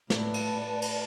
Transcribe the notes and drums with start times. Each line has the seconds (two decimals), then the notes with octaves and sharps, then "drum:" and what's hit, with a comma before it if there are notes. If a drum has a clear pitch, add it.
0.10 A2 B4 D5 A5, drum: snare
0.34 drum: cymbal
0.82 drum: cymbal